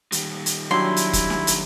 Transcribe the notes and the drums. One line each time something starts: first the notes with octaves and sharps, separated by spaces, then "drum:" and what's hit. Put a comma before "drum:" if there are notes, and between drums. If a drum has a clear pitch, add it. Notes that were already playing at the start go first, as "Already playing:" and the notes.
D#3 G3, drum: hi-hat
drum: hi-hat
F#3 D4 E4 G4 C6
drum: hi-hat
drum: kick, hi-hat
drum: snare
drum: hi-hat